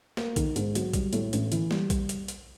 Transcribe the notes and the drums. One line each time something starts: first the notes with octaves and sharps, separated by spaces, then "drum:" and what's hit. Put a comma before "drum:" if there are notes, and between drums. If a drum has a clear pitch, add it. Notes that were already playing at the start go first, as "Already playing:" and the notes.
A#3, drum: snare
D#3, drum: kick B1, hi-hat
G#2, drum: hi-hat
F#3, drum: hi-hat
G3, drum: kick B1, hi-hat
A2, drum: hi-hat
A1, drum: hi-hat
E3, drum: hi-hat
G3, drum: snare
drum: kick B1, hi-hat
drum: hi-hat
drum: hi-hat